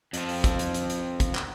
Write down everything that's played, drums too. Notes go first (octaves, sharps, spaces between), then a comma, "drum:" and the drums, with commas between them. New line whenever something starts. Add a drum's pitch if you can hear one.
F2 F3, drum: hi-hat
drum: open hi-hat
drum: kick, hi-hat
drum: hi-hat
drum: hi-hat
drum: hi-hat
drum: kick, hi-hat
drum: clap